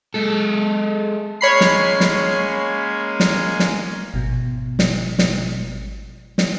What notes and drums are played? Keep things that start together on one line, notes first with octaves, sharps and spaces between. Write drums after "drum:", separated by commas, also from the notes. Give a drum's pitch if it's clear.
G#3 A4
G#3 A#3 C#4 C#5 B5 C7
drum: snare
drum: snare
drum: snare
drum: snare
G#1 B2
drum: snare
drum: snare
drum: snare